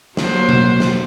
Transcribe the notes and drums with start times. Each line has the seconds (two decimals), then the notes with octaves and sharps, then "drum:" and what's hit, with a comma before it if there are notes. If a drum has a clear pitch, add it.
0.17 F#3 A#3 C5, drum: snare
0.49 drum: tom B2
0.80 drum: snare